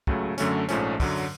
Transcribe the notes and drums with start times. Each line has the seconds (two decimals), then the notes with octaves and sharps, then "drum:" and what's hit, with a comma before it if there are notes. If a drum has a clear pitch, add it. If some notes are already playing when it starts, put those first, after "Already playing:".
0.07 C#2 C#3 F#3 A3, drum: kick
0.38 F#2 D3 F#3 A3 C#4, drum: hi-hat
0.68 A#1 G#2 F3 A3 C#4, drum: hi-hat
1.00 F#2 D3 F#3, drum: kick, open hi-hat